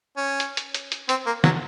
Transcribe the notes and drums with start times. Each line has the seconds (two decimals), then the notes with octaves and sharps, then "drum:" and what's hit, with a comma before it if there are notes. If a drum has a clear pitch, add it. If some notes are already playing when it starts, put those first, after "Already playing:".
0.16 C#4
0.40 drum: hi-hat
0.57 drum: hi-hat
0.74 drum: hi-hat
0.92 drum: hi-hat
1.09 C4, drum: hi-hat
1.27 A#3
1.44 F#3, drum: snare